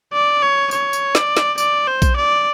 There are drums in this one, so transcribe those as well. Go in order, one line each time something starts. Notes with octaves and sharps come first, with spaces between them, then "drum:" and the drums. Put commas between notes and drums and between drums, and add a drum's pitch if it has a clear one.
D5
C#5
C#5, drum: tambourine
drum: tambourine
D5, drum: snare
drum: snare
D5, drum: tambourine
C5
drum: kick A#1, tambourine
D5